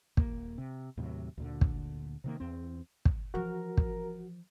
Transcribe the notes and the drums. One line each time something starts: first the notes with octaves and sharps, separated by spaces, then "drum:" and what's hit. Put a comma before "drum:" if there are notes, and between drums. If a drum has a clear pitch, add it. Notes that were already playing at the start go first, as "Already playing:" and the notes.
D#1 A#3, drum: kick
C3
D#2 A2 C3 F#3
D2 A#2 D3
drum: kick
C3 D#3 A#3
E2 C4
drum: kick
E3 F3 F#4 A#4
drum: kick